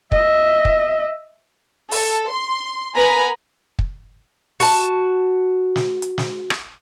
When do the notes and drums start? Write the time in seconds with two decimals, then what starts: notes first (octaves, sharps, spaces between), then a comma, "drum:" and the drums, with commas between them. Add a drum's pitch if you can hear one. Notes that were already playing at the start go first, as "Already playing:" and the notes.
0.12 D#5 E5, drum: kick
0.65 drum: kick
1.91 A4, drum: open hi-hat
2.30 C6
2.95 B3 A#4 B4 G#5 A#5 B5
3.79 drum: kick
4.60 F#4 A5, drum: open hi-hat
5.76 drum: snare
6.02 drum: hi-hat
6.18 drum: snare
6.50 drum: rim click